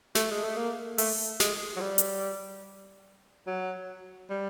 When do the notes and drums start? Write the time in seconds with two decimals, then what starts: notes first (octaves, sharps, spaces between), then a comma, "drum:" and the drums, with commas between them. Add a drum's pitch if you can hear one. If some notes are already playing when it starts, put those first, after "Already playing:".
0.15 A3, drum: snare
0.31 G#3
0.44 A3
0.57 A#3
0.98 A3, drum: open hi-hat
1.40 G#3, drum: snare
1.76 F#3
1.81 G3
1.98 drum: hi-hat
3.47 F#3
4.30 G3